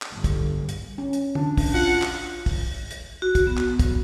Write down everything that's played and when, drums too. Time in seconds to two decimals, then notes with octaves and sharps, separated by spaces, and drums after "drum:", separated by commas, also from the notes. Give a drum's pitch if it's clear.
0.02 drum: clap
0.14 G1
0.24 drum: kick, hi-hat
0.69 drum: hi-hat
0.98 C#4
1.13 drum: hi-hat
1.35 D4, drum: tom
1.57 drum: kick, open hi-hat
1.74 F4 F#5
2.02 drum: clap
2.46 drum: kick, open hi-hat
2.91 drum: hi-hat
3.22 F#4
3.35 drum: kick, hi-hat
3.47 B3
3.57 drum: clap
3.79 drum: kick, hi-hat